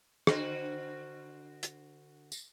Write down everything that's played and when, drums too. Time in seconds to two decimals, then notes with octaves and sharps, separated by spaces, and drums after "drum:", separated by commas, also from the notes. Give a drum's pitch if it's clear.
0.27 D3 F#4 C5, drum: rim click
1.63 drum: hi-hat
2.32 drum: tambourine